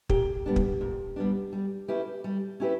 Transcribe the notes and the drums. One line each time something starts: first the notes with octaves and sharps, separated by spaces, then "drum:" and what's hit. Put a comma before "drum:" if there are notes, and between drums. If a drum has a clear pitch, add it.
A#2 G4, drum: kick
G3 B3 D4
drum: kick
A#2
G3 B3 D4
G3
C#4 E4 G4 B4
G3
C#4 E4 G4 B4